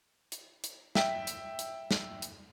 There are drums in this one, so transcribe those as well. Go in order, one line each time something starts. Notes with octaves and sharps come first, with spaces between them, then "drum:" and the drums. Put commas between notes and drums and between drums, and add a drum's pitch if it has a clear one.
drum: hi-hat
drum: hi-hat
E5 G5 B6, drum: snare
drum: hi-hat
drum: hi-hat
drum: snare
drum: hi-hat